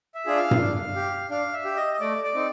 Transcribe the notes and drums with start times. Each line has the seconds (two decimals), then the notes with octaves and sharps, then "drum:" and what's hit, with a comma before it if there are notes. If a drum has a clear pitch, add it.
0.15 E5
0.26 D4 F4 G#4
0.38 F5
0.51 drum: tom G2
0.60 D4
0.96 G4
1.30 D4 F5
1.53 E5
1.65 G4
1.77 D#5
1.93 D#5
2.00 A3 D5
2.24 D5
2.34 C4 D#4